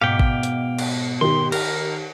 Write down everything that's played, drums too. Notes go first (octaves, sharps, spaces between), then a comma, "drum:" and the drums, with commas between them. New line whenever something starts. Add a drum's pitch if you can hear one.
G#2 B2 F5 G5 D6 B6 C#7
drum: kick G#1
drum: hi-hat
drum: cymbal
D#3 G4 C6
A#4, drum: cymbal